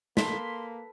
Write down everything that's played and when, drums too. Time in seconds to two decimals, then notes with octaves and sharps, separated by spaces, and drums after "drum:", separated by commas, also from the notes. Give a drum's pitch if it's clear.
0.17 A#3 A4 B4 C6 B6, drum: snare